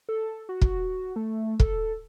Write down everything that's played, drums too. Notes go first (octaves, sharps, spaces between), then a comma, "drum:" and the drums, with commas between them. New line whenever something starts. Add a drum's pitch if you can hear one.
A4
F#4
drum: kick
A3
A4, drum: kick